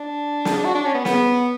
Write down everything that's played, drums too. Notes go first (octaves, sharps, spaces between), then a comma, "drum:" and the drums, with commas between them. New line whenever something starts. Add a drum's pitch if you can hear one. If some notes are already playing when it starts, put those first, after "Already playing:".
Already playing: D4
drum: snare
F#4
D4
C#4
B3
B3, drum: snare